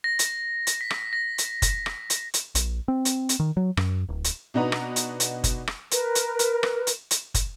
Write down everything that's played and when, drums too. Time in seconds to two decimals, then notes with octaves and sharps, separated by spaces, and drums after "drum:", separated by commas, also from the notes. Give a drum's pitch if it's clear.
0.04 A#6
0.19 drum: hi-hat
0.67 drum: hi-hat
0.81 B6
0.90 drum: rim click
1.13 A#6
1.38 drum: hi-hat
1.62 drum: kick, hi-hat
1.86 drum: rim click
2.10 drum: hi-hat
2.34 drum: hi-hat
2.55 A#1, drum: hi-hat
2.88 C4
3.05 drum: hi-hat
3.29 drum: hi-hat
3.40 D#3
3.57 F#3
3.77 F#2, drum: rim click
4.09 D1
4.24 drum: hi-hat
4.54 B2 D4 D#4 F#4 B4 A#5
4.72 drum: rim click
4.96 drum: hi-hat
5.20 drum: hi-hat
5.44 drum: kick, hi-hat
5.67 drum: rim click
5.91 A#4 B4, drum: hi-hat
6.15 drum: hi-hat
6.39 drum: hi-hat
6.63 drum: rim click
6.87 drum: hi-hat
7.11 drum: hi-hat
7.34 drum: kick, hi-hat